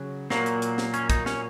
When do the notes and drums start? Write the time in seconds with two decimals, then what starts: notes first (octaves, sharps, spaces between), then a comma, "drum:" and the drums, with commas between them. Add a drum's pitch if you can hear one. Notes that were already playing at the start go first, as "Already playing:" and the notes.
Already playing: C#3 F#3
0.30 A#2 F#3 A#3, drum: snare
0.46 drum: hi-hat
0.62 drum: hi-hat
0.78 drum: snare
0.94 C#4, drum: hi-hat
1.10 D#4, drum: kick, hi-hat
1.26 C#4, drum: snare